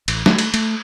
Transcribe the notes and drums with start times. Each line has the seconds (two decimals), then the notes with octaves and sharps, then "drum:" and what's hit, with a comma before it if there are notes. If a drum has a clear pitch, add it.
0.08 A1, drum: cymbal
0.26 A3, drum: snare
0.38 drum: cymbal
0.54 A3, drum: cymbal